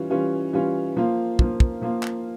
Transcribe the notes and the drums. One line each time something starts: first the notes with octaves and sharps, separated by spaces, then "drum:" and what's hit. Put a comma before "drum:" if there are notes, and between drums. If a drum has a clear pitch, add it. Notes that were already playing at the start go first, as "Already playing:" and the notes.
Already playing: E3 G3 C#4 F4
E3 G3 C#4 F4
E3 G3 C#4 F4
F3 A#3 F4
F3 A#3 F4, drum: kick
drum: kick
F3 A#3 F4
drum: clap